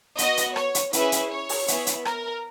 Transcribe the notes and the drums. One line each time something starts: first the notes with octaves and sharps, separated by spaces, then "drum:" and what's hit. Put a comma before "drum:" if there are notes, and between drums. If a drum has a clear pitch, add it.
B3 F#4 D#5, drum: hi-hat
drum: hi-hat
C#5, drum: rim click
drum: hi-hat
C#4 E4 G#4 B4, drum: hi-hat
drum: hi-hat
C#5
drum: open hi-hat
B3 E4 G#4, drum: hi-hat
drum: hi-hat
A#4, drum: rim click